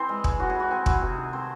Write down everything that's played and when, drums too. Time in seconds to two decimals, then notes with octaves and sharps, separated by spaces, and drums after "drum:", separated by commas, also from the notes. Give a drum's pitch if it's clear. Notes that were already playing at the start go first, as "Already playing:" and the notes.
Already playing: E3 C4 C5
0.09 G#3
0.24 G#3, drum: kick
0.39 A2 F#4
0.50 G#4
0.55 E4 F#4
0.71 C4 G#4
0.86 E4 F#4, drum: kick
1.01 C3 G#4
1.18 D#3
1.33 A3 C4 C5